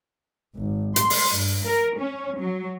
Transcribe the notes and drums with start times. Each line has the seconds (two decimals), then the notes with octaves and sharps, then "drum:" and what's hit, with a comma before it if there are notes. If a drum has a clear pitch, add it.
0.57 G#1
0.96 C6, drum: hi-hat
1.10 drum: open hi-hat
1.34 G2
1.66 A#4
1.98 C#4
2.39 F#3